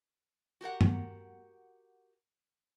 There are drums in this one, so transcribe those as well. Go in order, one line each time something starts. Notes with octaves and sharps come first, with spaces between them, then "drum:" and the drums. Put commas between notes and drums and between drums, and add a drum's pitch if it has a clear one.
F#4 G4 A#4 F#5
drum: tom G2